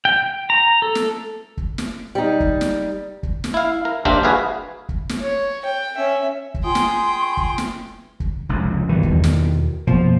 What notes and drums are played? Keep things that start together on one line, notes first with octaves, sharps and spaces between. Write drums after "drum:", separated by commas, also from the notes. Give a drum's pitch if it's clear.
G5
A#5
A4
drum: snare
drum: kick
drum: snare
G3 D#4
drum: kick
drum: snare
drum: kick
drum: snare
E4 F5
A#4
A#3 D4 G4 A#4 C5 E5, drum: kick
F#4 G#4 B4 E5 F5
drum: kick
drum: snare
C#5
G5
C#4 E5
drum: kick
F4 G#4 G5 G#5 C6 D#6
drum: snare
drum: kick
drum: snare
drum: kick
F1 C#2
G2 B2 D#3 E3
drum: kick
E2
drum: snare
F#2 B2 F3 A#3, drum: kick